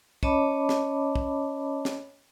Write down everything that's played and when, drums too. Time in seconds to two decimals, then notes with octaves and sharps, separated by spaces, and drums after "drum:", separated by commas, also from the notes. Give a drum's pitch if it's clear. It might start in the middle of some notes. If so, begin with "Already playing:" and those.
0.23 C#4 C#5 D#5 A5 B5 D6, drum: kick
0.69 drum: snare
1.15 drum: kick
1.85 drum: snare